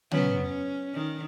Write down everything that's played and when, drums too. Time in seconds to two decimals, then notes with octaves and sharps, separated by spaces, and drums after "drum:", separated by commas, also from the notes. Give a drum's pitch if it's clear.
0.11 F#3 B3 C#4, drum: tom
0.41 C#4
0.94 D#3